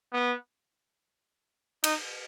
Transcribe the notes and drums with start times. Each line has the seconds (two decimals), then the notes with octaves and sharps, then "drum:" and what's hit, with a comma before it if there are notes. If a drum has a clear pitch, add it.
0.13 B3
1.84 D#4, drum: cymbal